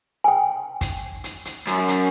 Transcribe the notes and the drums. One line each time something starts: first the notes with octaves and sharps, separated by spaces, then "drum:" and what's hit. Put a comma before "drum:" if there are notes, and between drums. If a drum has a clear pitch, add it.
G5 G#5
drum: kick, hi-hat
drum: hi-hat
drum: hi-hat
F#2, drum: hi-hat
drum: hi-hat